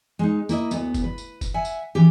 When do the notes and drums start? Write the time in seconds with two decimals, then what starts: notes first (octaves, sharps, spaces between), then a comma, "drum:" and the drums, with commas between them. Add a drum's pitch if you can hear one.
0.19 G#3 D#4
0.49 A#3 E4 D#5, drum: tambourine
0.71 D2 B3, drum: tambourine
0.94 drum: kick, tambourine
1.04 B4
1.18 drum: tambourine
1.41 drum: kick, tambourine
1.54 E5 F#5 G#5
1.65 drum: tambourine
1.95 E3 C#4 G4